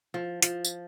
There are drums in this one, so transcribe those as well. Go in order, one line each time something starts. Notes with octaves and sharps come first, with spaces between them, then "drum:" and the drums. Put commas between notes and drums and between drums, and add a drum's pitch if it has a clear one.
F3
F3, drum: hi-hat
drum: tambourine